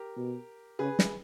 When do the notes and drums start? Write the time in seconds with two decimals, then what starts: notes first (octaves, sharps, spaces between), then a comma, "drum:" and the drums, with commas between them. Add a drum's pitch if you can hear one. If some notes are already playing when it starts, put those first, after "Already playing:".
Already playing: G4 A#4
0.16 B2
0.79 C#3 G#4 B4
0.99 drum: snare